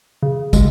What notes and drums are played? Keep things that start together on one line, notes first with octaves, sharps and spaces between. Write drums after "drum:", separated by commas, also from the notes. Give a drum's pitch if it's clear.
C#3
G#3, drum: kick, tambourine